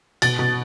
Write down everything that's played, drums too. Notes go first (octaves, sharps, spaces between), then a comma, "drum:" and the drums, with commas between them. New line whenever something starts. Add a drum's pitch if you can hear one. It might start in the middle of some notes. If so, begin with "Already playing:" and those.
B2 A6, drum: cymbal
B2